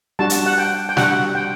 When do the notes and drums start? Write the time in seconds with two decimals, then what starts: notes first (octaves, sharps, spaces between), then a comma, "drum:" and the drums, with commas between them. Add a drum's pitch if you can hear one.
0.19 G3 D4 F#4 A5
0.30 drum: hi-hat
0.46 F#5
0.58 G5
0.89 G5
0.97 G3 D4 F#4 F#5, drum: snare
1.35 G5